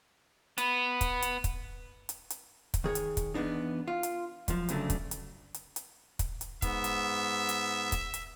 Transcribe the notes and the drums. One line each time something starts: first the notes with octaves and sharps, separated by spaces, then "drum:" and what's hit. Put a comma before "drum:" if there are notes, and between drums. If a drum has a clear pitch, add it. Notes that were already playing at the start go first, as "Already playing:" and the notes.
B3, drum: hi-hat
drum: kick, hi-hat
drum: hi-hat
drum: kick, hi-hat
drum: hi-hat
drum: hi-hat
drum: kick, hi-hat
D#3 G#4 C#5
drum: hi-hat
drum: kick, hi-hat
E2 D#3 B3 D4 D#4
F4
drum: hi-hat
F#2 F3, drum: kick, hi-hat
D2 C#3 F#3 A3 D4, drum: hi-hat
drum: kick, hi-hat
drum: hi-hat
drum: hi-hat
drum: hi-hat
drum: kick, hi-hat
drum: hi-hat
G#2 B3 E5, drum: kick, hi-hat
drum: hi-hat
drum: hi-hat
drum: kick, hi-hat
drum: hi-hat